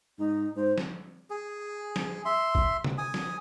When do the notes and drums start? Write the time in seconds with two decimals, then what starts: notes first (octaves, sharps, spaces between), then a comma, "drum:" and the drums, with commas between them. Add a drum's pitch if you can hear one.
0.19 G#2 D#4
0.56 G#2 C5
0.78 drum: snare
1.30 G#4
1.96 drum: snare
2.25 E5 C6
2.55 drum: kick
2.84 drum: tom
2.98 G#5 D#6
3.14 drum: snare